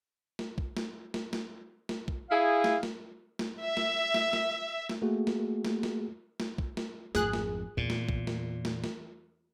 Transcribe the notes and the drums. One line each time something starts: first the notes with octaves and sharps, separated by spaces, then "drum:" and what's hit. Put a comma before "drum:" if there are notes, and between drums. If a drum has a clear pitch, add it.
drum: snare
drum: kick
drum: snare
drum: snare
drum: snare
drum: snare
drum: kick
E4 G#4 F5
drum: snare
drum: snare
drum: snare
E5
drum: snare
drum: snare
drum: snare
drum: snare
A3 A#3 F#4 G#4
drum: snare
drum: snare
drum: snare
drum: snare
drum: kick
drum: snare
G#1 F2 G#4 F#6, drum: snare
drum: snare
E2 A#2
drum: snare
drum: kick
drum: snare
drum: snare
drum: snare